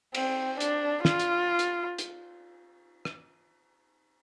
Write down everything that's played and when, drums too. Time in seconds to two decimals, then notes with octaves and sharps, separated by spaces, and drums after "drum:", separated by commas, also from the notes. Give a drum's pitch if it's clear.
0.15 C4, drum: cymbal
0.60 D4, drum: hi-hat
1.05 F4, drum: snare
1.19 drum: hi-hat
1.59 drum: hi-hat
1.99 drum: hi-hat
3.05 drum: rim click